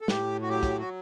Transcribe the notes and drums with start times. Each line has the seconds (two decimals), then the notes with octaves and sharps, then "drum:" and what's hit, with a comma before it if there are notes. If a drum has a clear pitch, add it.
0.01 A4
0.08 A2 G4, drum: snare
0.41 F#4
0.49 F#3 G4
0.63 drum: kick, hi-hat
0.79 F#4